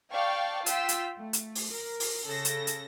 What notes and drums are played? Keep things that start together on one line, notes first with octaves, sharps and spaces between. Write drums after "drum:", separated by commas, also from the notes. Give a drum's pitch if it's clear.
D5 F5 G5 A5 C#6
F4 G5 E6 B6, drum: hi-hat
drum: hi-hat
A3
drum: hi-hat
drum: open hi-hat
A#4
drum: open hi-hat
C#3 A4 A#6
drum: hi-hat
drum: hi-hat